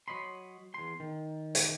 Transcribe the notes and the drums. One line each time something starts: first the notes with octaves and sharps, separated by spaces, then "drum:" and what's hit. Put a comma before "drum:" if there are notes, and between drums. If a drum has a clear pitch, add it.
F#3 C#5 D#5 B5 C6
E2 C6
D#3
drum: hi-hat